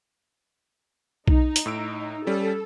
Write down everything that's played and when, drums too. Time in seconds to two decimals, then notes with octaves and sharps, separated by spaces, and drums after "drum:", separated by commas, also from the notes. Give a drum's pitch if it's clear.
1.28 D#4, drum: kick B1
1.56 drum: hi-hat
1.66 A2 E6 D7
2.27 G3 C#4 A4